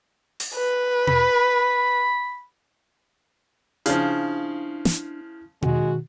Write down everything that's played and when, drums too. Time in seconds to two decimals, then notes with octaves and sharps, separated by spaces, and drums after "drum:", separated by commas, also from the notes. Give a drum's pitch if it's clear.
0.40 drum: open hi-hat
0.54 B4
1.07 B5, drum: tom B2
3.86 C#3 F3 D4 E4, drum: hi-hat
4.85 drum: snare
5.62 B2 D#3 G#3 F#4, drum: tom B2